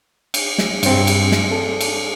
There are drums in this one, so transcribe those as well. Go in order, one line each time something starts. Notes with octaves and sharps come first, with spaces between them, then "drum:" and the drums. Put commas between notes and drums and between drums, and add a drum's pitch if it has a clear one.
drum: cymbal
drum: snare
G2 C4, drum: cymbal
drum: cymbal
drum: snare
A4
drum: cymbal